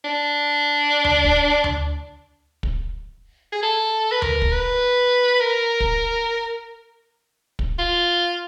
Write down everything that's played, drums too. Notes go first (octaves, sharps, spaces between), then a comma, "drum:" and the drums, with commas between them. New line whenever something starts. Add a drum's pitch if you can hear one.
D4
drum: tom D2
drum: kick
drum: tom D2
drum: kick
G#4
A4
B4
A#4, drum: tom D2
drum: kick
B4
A#4
drum: kick
drum: kick
F4